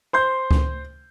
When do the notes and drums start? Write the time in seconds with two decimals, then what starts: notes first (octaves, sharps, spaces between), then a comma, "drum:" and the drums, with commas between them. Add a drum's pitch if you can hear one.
0.13 C5 C6 G6
0.51 drum: kick C#2